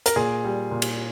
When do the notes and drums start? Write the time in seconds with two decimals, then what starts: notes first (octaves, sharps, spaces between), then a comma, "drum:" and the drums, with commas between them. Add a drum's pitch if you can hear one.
0.06 A#4, drum: hi-hat
0.16 A#2 G#4
0.44 G3
0.71 A#2
0.82 drum: cymbal